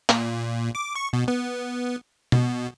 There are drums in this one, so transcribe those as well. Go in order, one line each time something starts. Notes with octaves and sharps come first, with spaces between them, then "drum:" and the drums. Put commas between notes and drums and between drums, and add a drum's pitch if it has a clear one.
A#2, drum: clap
D6
C#6
B2
B3
B2, drum: tom B2